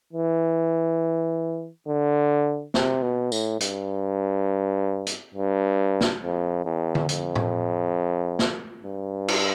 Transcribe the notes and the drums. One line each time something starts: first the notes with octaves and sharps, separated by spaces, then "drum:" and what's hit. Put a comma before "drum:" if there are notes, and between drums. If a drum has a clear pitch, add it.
E3
D3
C3, drum: snare
B2
A2, drum: tambourine
G2, drum: hi-hat
drum: hi-hat
G2
drum: snare
F2
E2
drum: tom
F2, drum: hi-hat
drum: tom
drum: snare
G2
drum: cymbal